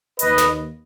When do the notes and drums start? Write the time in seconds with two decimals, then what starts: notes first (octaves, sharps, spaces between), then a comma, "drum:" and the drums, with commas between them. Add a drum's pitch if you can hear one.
0.19 D#2 B4 D#5, drum: hi-hat
0.38 drum: snare